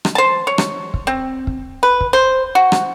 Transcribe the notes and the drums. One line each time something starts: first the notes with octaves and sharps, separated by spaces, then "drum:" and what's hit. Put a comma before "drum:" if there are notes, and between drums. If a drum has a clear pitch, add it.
drum: rim click
C5 A5
C#5
drum: rim click
drum: kick
C4
drum: kick
B4
drum: kick
C5
F#4
drum: rim click